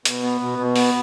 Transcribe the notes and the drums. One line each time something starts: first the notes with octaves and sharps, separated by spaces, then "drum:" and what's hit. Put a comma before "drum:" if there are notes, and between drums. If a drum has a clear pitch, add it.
B2, drum: hi-hat
B3
B2
B2
B3, drum: open hi-hat